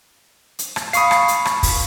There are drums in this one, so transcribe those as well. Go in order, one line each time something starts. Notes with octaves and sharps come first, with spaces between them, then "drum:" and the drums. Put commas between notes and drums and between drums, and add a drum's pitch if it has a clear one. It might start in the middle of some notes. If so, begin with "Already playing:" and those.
drum: hi-hat
drum: rim click
F5 B5 C#6 D#6 C7, drum: hi-hat
drum: rim click
drum: hi-hat
drum: rim click
drum: kick, open hi-hat